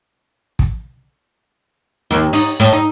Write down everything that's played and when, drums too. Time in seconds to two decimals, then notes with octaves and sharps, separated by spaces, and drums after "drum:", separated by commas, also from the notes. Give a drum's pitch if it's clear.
0.59 drum: kick
2.11 D#2
2.33 D#4, drum: open hi-hat
2.60 A2
2.72 D#4